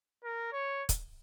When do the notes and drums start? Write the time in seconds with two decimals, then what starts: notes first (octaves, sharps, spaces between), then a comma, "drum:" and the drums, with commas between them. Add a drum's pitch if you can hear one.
0.24 A#4
0.52 C#5
0.89 drum: kick, hi-hat